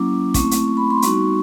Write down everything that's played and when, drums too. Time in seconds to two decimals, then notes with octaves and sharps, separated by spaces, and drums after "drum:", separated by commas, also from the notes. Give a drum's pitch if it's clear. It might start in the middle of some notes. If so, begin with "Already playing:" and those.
Already playing: F#3 A#3 C#4 E4 D6
0.34 A3 C4 E4 C#6, drum: kick, hi-hat
0.51 drum: hi-hat
0.77 B5
0.90 C6
1.02 G3 B3 D#4 F#4 C#6, drum: hi-hat